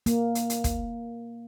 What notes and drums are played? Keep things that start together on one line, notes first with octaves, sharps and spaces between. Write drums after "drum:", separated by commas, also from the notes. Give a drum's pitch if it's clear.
A#3, drum: hi-hat
drum: hi-hat
drum: hi-hat
drum: kick, hi-hat